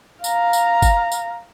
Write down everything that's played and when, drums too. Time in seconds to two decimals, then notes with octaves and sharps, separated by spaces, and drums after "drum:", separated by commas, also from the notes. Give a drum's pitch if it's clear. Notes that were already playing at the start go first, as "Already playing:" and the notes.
0.24 F5 A#5, drum: tambourine
0.53 drum: tambourine
0.82 drum: kick G1, tambourine
1.12 drum: tambourine